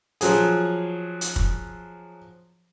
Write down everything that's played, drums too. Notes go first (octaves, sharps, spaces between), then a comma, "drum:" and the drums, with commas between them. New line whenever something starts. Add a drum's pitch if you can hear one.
F3 F#3 G#4, drum: hi-hat
drum: hi-hat
drum: kick